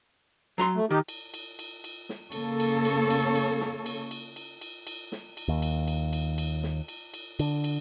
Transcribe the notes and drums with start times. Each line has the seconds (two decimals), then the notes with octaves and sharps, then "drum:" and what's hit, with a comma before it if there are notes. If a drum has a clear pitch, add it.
0.58 F#3 A#5 C6, drum: snare
0.75 A3
0.90 D#3 D#4 G4
1.08 drum: cymbal
1.34 drum: cymbal
1.59 drum: cymbal
1.84 drum: cymbal
2.09 drum: snare
2.32 C#3 A#3 A4 C#5, drum: cymbal
2.60 drum: cymbal
2.85 drum: cymbal
3.10 drum: cymbal
3.35 drum: cymbal
3.61 drum: snare
3.86 drum: cymbal
4.11 drum: cymbal
4.36 drum: cymbal
4.61 drum: cymbal
4.87 drum: cymbal
5.12 drum: snare
5.37 drum: cymbal
5.48 D#2
5.62 drum: cymbal
5.88 drum: cymbal
6.13 drum: cymbal
6.38 drum: cymbal
6.63 drum: snare
6.88 drum: cymbal
7.14 drum: cymbal
7.39 D3, drum: cymbal
7.64 drum: cymbal